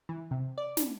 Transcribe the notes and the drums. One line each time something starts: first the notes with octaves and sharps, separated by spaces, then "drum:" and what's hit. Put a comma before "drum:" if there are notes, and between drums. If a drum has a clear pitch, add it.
E3
C3
D5
drum: snare